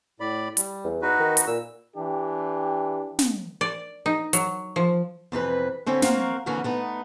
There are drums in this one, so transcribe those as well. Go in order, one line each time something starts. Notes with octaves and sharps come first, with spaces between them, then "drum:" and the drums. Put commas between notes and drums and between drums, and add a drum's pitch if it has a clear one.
A2 D5 B5
G3, drum: hi-hat
E2
D#4 F#4 B4
D#3
drum: hi-hat
A#2 E6
E3 D4 G4
drum: snare
D5
D#4
F#3, drum: hi-hat
F3
F2 C3 E3 B4
D3 C4 C#4 E4
A#3 C4 F#4 A#4 F5, drum: snare
F2 D3 E3 A#3 C#4 F#4
A3 B3 D#4